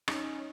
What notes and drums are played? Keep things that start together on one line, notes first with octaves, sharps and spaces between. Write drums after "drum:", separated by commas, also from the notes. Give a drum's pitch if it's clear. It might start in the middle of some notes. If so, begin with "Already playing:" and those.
C#4 D#4, drum: rim click